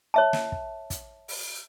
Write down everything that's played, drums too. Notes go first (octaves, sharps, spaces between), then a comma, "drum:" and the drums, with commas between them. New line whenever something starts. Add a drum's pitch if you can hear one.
C#5 E5 A5
drum: snare
drum: kick
drum: kick, hi-hat
drum: open hi-hat